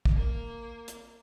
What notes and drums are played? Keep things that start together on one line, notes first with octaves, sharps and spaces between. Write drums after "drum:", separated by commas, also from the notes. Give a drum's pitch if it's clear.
drum: kick
A#3 A#4
drum: hi-hat